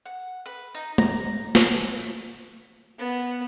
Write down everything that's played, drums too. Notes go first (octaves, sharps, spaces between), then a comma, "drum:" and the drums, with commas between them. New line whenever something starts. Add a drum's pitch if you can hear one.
F#5
B4
D#4
A#5, drum: tom G#3
drum: snare
B3